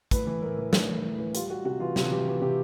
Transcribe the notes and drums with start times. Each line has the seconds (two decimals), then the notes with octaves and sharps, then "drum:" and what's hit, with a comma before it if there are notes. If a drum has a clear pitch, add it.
0.11 A2 B4, drum: kick, hi-hat
0.27 E3
0.42 A2 A#4
0.58 E3
0.73 A2, drum: snare
0.89 E3
1.03 A2
1.18 E3
1.34 G3 F4, drum: hi-hat
1.50 G3 F#4
1.65 C3 F#4
1.80 E3 F4
1.96 C3 F#4, drum: snare
2.11 E3 G4
2.27 E3
2.41 C3 G4